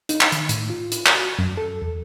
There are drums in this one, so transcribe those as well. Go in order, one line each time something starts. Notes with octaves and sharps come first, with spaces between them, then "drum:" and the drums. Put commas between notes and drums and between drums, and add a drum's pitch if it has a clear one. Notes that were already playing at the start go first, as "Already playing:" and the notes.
D#4, drum: hi-hat
drum: clap
D#3, drum: hi-hat
A2, drum: hi-hat
F4
drum: hi-hat
drum: clap
F#4
F#2
A4
E2